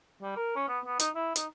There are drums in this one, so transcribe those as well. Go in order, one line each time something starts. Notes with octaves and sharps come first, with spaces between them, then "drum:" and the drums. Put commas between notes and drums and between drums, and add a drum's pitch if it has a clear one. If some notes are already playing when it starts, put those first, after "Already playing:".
G3
A#4
C#4
B3
B3
D#4, drum: hi-hat
E4
D#4, drum: hi-hat